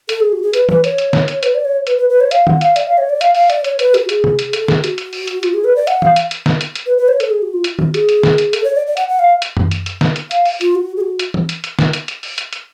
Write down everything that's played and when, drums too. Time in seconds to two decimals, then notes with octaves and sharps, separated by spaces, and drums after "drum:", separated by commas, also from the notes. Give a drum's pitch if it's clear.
0.09 A4, drum: hi-hat
0.20 G#4
0.32 F#4
0.42 G#4
0.53 B4, drum: hi-hat
0.69 B4, drum: tom E3
0.84 C#5, drum: hi-hat
0.98 drum: hi-hat
1.13 drum: snare
1.28 drum: hi-hat
1.43 B4, drum: hi-hat
1.54 D5
1.65 C#5
1.87 B4, drum: hi-hat
1.98 B4
2.10 B4
2.21 C#5
2.31 F5, drum: hi-hat
2.47 F#5, drum: tom
2.61 F5, drum: hi-hat
2.76 D5, drum: hi-hat
2.87 F5
2.98 C#5
3.10 D5
3.21 F5, drum: hi-hat
3.35 F5, drum: open hi-hat
3.50 D5, drum: hi-hat
3.64 C#5, drum: hi-hat
3.79 B4, drum: hi-hat
3.94 F#4, drum: hi-hat
4.09 G#4, drum: hi-hat
4.24 drum: tom C3
4.39 drum: hi-hat
4.53 A4, drum: hi-hat
4.68 G#4, drum: snare
4.84 F#4, drum: hi-hat
4.98 drum: hi-hat
5.13 drum: open hi-hat
5.27 drum: hi-hat
5.43 F4, drum: hi-hat
5.54 G#4
5.64 B4
5.76 D5
5.87 F#5, drum: hi-hat
6.02 F5, drum: tom E3
6.16 drum: hi-hat
6.31 drum: hi-hat
6.46 drum: snare
6.61 drum: hi-hat
6.75 drum: hi-hat
6.86 B4
6.98 B4
7.08 C#5
7.20 A4, drum: hi-hat
7.30 G#4
7.42 F#4
7.53 F4
7.64 drum: hi-hat
7.79 F#4, drum: tom
7.94 G#4, drum: hi-hat
8.09 drum: hi-hat
8.23 drum: snare
8.38 drum: hi-hat
8.53 A4, drum: hi-hat
8.64 C#5
8.75 D5
8.87 D5
8.97 F#5, drum: hi-hat
9.09 F#5
9.19 F5
9.42 drum: hi-hat
9.57 drum: tom F#2
9.71 drum: hi-hat
9.86 drum: hi-hat
10.01 drum: snare
10.16 drum: hi-hat
10.31 F5, drum: hi-hat
10.45 drum: open hi-hat
10.61 F4, drum: hi-hat
10.75 F#4
10.97 G#4
11.01 F#4
11.19 drum: hi-hat
11.34 drum: tom E3
11.49 drum: hi-hat
11.64 drum: hi-hat
11.79 drum: snare
11.93 drum: hi-hat
12.08 drum: hi-hat
12.23 drum: open hi-hat
12.38 drum: hi-hat
12.53 drum: hi-hat